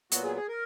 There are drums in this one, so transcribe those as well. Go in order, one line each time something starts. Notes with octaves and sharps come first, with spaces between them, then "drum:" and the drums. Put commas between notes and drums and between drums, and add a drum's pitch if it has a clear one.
A#2 F#3 B3 F#4, drum: hi-hat
G#4
G#4
A#4